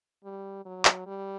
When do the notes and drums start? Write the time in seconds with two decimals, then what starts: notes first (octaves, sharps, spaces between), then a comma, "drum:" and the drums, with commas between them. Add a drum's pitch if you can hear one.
0.24 G3
0.65 F#3
0.85 drum: clap
1.06 G3